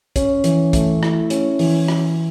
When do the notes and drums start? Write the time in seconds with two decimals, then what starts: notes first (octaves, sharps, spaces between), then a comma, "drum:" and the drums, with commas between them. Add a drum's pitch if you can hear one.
0.16 C#4, drum: kick, hi-hat
0.44 E3, drum: hi-hat
0.73 A3, drum: kick, hi-hat
1.03 E4, drum: rim click
1.30 C#4, drum: hi-hat
1.59 E3, drum: open hi-hat
1.88 drum: rim click